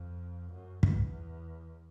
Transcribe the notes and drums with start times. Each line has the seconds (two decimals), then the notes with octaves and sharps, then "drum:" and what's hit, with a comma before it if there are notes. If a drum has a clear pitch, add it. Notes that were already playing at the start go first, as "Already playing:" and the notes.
Already playing: F2
0.51 F#2
0.83 E2, drum: kick